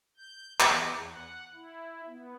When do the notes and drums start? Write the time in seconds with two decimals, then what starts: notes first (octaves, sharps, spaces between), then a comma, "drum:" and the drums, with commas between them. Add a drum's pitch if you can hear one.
0.17 G6
0.60 E2, drum: clap
1.10 F#5
1.55 E4
2.07 B3